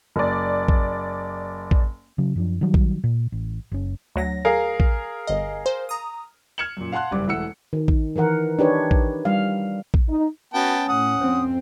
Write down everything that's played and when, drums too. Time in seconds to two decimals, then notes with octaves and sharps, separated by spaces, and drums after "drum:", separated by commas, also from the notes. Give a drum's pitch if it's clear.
0.16 F#1 D5
0.68 drum: kick
1.71 drum: kick
2.18 C#3 F#3
2.35 F#2 F3 D4
2.61 D#3 F#3 G3
2.74 drum: kick
3.04 A#2
3.32 A1
3.72 F#1 C#4
4.16 D2 F#3 A#6
4.45 G#4 A#4 F5
4.80 drum: kick
5.27 G1 D#5
5.66 C5
5.89 A#5 D#6
6.58 F6 G#6 C#7 E7 F#7
6.77 F#2 A#2
6.92 F5 F#5 A5 C6 F#6
7.11 F#1 G2 G3 D5 D6
7.27 E1 A3 E4 F#5 E6 C#7
7.73 D#3
7.88 drum: kick
8.16 D#3 E3 A#4 F#5
8.59 D4 D#4 G4 B4 C#5
8.91 drum: kick
9.25 G3 F5
9.94 drum: kick
10.09 D#4
10.54 B3 C#4 F#4 G5 A5
10.88 A2 F#5 D#6
11.20 F2 C4